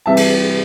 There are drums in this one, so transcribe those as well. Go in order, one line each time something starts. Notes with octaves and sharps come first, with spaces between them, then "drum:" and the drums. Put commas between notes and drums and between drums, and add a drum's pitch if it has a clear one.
C2 C3 E3 G3 E5 A5
drum: cymbal